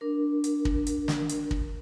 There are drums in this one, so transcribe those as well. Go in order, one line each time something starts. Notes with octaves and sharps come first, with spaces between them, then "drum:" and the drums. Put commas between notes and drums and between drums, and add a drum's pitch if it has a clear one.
D4 A#4
drum: hi-hat
drum: kick
drum: hi-hat
drum: snare
drum: hi-hat
drum: kick